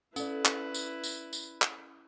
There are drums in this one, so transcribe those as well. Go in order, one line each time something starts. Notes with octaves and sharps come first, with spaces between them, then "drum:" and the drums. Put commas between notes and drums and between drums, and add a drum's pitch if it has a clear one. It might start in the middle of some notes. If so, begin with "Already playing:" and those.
C#4 E4 A4 B4 D5, drum: tambourine
drum: clap
drum: tambourine
drum: tambourine
drum: tambourine
drum: clap